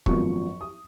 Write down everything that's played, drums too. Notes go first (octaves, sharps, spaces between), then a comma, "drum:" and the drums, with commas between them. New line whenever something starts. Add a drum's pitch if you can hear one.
G#1 F#2 F3 B3 C#6, drum: kick
D#6